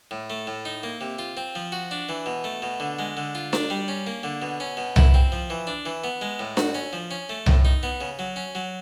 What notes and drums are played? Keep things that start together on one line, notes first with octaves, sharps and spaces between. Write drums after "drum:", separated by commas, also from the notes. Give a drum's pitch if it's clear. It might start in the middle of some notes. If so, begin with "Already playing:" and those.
A2
A3
A2
D#4
A#3
C3
F4
C4
F3
F#4
D4
E3
B2
A3
B2
D3
G#3
D3
F4
D4, drum: snare D4
G3
C#4
A#3
D3
B2
C#4
B2
E4, drum: tom C2
C4
F3
E3
D4
E3
B3
G#3
A2
F#4, drum: snare D4
C#4
F3
C#4
A3
A2, drum: tom C2
D#4
B3
C#3
F#3
C#4
F#3